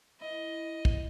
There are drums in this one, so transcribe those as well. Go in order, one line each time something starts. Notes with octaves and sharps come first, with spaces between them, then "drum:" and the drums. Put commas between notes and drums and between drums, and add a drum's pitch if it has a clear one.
E4 D#5
drum: kick